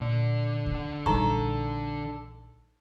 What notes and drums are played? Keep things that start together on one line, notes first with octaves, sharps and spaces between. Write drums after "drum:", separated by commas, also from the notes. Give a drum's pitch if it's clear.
A#2 D3 D5
drum: kick D2
A#1 E3 G3 D#4 A4 A#5 C#6, drum: kick D2